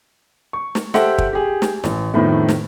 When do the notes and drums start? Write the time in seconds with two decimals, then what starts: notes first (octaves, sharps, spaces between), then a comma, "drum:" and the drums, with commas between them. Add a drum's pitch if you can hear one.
0.53 C#6
0.75 drum: snare
0.94 G4 A4 C5 E5 F#5 G5, drum: snare
1.18 drum: kick
1.33 G4 G#4
1.62 drum: snare
1.84 A1, drum: snare
2.13 F2 A2 D#3 A3 B3
2.48 drum: snare